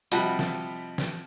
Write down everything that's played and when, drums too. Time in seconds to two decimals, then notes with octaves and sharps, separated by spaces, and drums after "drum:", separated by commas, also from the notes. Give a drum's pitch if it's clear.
0.12 C3 F3 G3 F#4 D#5 A5 B5, drum: hi-hat
0.39 drum: snare
0.98 drum: snare